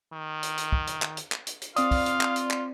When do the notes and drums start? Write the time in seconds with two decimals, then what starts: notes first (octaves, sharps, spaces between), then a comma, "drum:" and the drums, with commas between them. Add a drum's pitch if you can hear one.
0.13 D#3
0.43 drum: hi-hat
0.58 drum: hi-hat
0.72 drum: kick
0.87 drum: hi-hat
1.02 drum: clap
1.17 drum: hi-hat
1.32 drum: clap
1.47 drum: hi-hat
1.62 drum: hi-hat
1.76 C4 F4 D5 F5 D#6, drum: hi-hat
1.91 drum: kick, open hi-hat
2.06 drum: hi-hat
2.21 drum: clap
2.36 drum: hi-hat
2.51 drum: clap